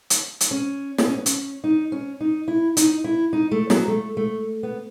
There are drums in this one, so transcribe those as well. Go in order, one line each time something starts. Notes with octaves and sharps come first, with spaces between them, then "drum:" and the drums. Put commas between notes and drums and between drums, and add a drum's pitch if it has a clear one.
drum: hi-hat
drum: hi-hat
C#4
drum: snare
C#4
B3
C#4, drum: hi-hat
D#4
C#4
D#4
E4
D#4, drum: hi-hat
E4
D#4
A3
F#3, drum: snare
A3
A3
B3